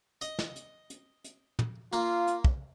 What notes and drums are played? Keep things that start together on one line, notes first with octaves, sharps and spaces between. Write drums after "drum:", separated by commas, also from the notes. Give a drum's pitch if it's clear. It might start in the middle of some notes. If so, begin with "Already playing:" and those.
D#5, drum: hi-hat
drum: snare
drum: hi-hat
drum: hi-hat
drum: hi-hat
drum: tom
A#3 F4, drum: hi-hat
drum: hi-hat
drum: kick